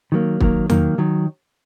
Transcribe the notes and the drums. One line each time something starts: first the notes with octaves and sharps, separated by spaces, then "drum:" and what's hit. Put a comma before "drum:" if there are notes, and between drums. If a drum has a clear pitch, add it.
D#3 F#3 A#3
D#3 F#3 A#3, drum: kick
D#3 F#3 A#3, drum: tom E2
D#3 F#3